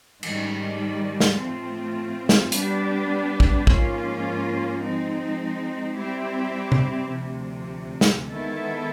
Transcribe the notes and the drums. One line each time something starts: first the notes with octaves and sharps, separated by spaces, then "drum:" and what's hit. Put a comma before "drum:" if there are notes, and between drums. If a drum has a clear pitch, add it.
G#2 D#3 G3, drum: cymbal
drum: snare
A2 F3 A3 C4 F4
drum: snare
G3 B3 D4 G4 B4, drum: hi-hat
drum: kick
G#2 F3 A#3 C#4 F4, drum: kick
F3 G#3 C4 D#4
G3 C4 E4 G4
drum: tom C3
D2 C3 F3
drum: snare
D#3 G#3 B3 E4 A4